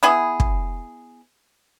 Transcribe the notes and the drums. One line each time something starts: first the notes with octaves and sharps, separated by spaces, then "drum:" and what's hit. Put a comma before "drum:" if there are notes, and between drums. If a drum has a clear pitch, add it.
B3 E4 G#4
drum: kick